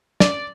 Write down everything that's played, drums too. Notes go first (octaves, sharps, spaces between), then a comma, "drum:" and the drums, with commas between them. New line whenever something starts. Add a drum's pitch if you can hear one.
D5, drum: snare